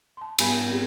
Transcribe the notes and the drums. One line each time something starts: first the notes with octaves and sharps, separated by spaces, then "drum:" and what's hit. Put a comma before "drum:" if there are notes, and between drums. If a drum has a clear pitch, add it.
A5 C6
G#2 G3 B3 G#5 B5 G6, drum: cymbal
C4 G4 G#4